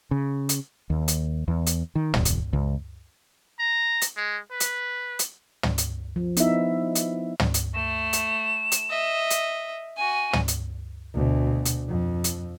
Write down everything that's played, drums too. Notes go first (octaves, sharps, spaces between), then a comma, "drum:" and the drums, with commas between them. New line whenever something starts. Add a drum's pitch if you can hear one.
C#3
drum: hi-hat
D#2
drum: hi-hat
E2
drum: hi-hat
D#3
E1, drum: tom
drum: hi-hat
C#2
A#5
drum: hi-hat
G#3
B4
drum: hi-hat
drum: hi-hat
drum: tom
drum: hi-hat
F3
B3 D#4 E4 E5, drum: hi-hat
drum: hi-hat
drum: tom
drum: hi-hat
A3 E7
drum: hi-hat
drum: hi-hat
D#5 E5
drum: hi-hat
F#4 G#5 D#7
drum: tom
drum: hi-hat
D2 B2
drum: hi-hat
F2
drum: hi-hat